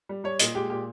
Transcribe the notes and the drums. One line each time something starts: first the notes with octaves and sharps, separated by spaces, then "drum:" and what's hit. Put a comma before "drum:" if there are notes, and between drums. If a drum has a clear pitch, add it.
G3
G3 C#5
A#2 D#5, drum: hi-hat
G#3 G4
A#2 G4